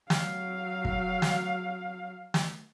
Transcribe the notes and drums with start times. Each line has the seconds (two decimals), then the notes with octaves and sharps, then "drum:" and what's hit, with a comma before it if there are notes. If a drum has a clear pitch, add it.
0.10 F#3 F5, drum: snare
0.85 drum: kick
1.22 drum: snare
2.34 drum: snare